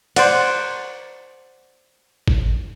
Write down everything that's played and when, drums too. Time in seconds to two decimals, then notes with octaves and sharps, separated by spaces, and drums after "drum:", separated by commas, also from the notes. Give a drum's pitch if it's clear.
0.16 C5 D5 F#5, drum: cymbal
2.28 drum: kick G#1